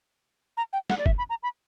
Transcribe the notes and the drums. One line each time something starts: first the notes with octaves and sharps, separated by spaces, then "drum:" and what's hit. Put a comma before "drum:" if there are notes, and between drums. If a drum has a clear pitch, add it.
A#5
G5
F#5, drum: snare
D5
E5, drum: kick F#1
B5
A#5
B5